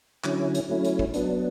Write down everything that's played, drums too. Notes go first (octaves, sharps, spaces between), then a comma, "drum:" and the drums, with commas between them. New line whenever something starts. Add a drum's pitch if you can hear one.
D3 F#3 C#4 E4, drum: clap
drum: hi-hat
F#3 A3 C#4 E4
drum: hi-hat
drum: kick
F#3 B3 D4, drum: hi-hat